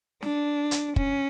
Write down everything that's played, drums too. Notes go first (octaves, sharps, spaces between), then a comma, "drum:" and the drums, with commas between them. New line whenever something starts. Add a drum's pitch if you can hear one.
D4, drum: snare
drum: hi-hat
C#4, drum: kick